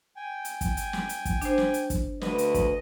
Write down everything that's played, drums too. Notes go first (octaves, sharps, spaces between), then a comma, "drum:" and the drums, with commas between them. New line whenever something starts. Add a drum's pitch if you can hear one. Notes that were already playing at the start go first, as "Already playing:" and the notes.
G5 G#5
drum: hi-hat
drum: kick, hi-hat
drum: hi-hat
drum: snare
drum: hi-hat
drum: kick, hi-hat
D4 C5, drum: hi-hat
drum: snare
drum: hi-hat
drum: kick, hi-hat
D2 B4 D#5, drum: snare
drum: hi-hat
drum: kick, hi-hat